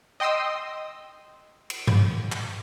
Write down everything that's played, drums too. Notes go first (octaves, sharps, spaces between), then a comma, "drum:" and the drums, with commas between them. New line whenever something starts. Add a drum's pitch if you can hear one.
D#5 G5 C6 D#6 E6
drum: cymbal
drum: tom G2
drum: clap